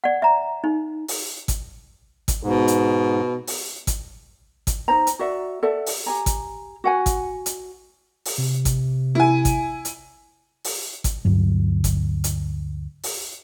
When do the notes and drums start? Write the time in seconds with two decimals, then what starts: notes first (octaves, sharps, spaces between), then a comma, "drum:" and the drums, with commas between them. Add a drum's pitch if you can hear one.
0.04 D5 F#5
0.22 E5 A#5
0.64 D#4
1.08 drum: open hi-hat
1.48 drum: kick, hi-hat
2.28 drum: kick, hi-hat
2.43 G#2 B2
2.68 drum: hi-hat
3.47 drum: open hi-hat
3.87 drum: kick, hi-hat
4.67 drum: kick, hi-hat
4.88 D#4 C5 A#5
5.07 drum: hi-hat
5.19 F#4 D5 E5 F#5
5.63 A4 D5 E5 F#5
5.86 drum: open hi-hat
6.06 G4 G#5 A#5
6.26 drum: kick, hi-hat
6.84 F#4 F#5 G#5
7.06 drum: kick, hi-hat
7.46 drum: hi-hat
8.25 drum: open hi-hat
8.38 C3
8.65 drum: kick, hi-hat
9.15 E4 G#5
9.45 drum: kick, hi-hat
9.85 drum: hi-hat
10.64 drum: open hi-hat
11.04 drum: kick, hi-hat
11.25 D2 G2 F#3
11.84 drum: kick, hi-hat
12.24 drum: hi-hat
13.03 drum: open hi-hat